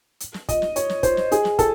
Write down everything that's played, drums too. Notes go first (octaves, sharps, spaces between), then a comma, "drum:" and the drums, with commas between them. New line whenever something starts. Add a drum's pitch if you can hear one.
drum: hi-hat
drum: snare
D#5, drum: kick, hi-hat
drum: snare
C#5, drum: hi-hat
drum: snare
C5, drum: kick, hi-hat
drum: snare
G#4, drum: hi-hat
drum: snare
A4, drum: kick, hi-hat